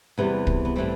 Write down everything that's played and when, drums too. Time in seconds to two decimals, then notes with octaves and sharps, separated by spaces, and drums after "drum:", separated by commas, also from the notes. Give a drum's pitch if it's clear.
0.18 E2 C3 E3 G3 B3
0.47 drum: kick
0.65 B3
0.76 A2 E3 G3 C4